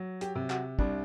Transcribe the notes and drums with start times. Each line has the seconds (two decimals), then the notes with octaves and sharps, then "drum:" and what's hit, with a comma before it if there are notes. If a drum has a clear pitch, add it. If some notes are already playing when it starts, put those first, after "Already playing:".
Already playing: F#3
0.21 G4, drum: hi-hat
0.35 C3
0.50 F#4, drum: clap
0.79 C2 D4, drum: kick